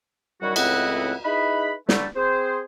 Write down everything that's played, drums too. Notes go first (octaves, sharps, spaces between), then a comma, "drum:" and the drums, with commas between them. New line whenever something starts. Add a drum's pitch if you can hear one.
F#2 D#3 G3 E4 F#4
C#2 A2 C4 E4 D#5 F#5, drum: cymbal
D#4 E4 G#4 B4 B5
D3 G3 A3, drum: snare
C4 G#4 C5